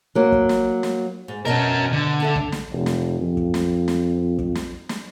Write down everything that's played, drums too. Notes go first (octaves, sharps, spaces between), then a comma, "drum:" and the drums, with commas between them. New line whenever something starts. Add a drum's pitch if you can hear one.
F#3 A#3
drum: kick
drum: snare
drum: snare
G#2
B2 C#4 A#4 D#5 A5
D3
D4 A4 E5
drum: kick
drum: snare
F1
drum: snare
F2
drum: kick
drum: snare
drum: snare
drum: kick
drum: snare
drum: snare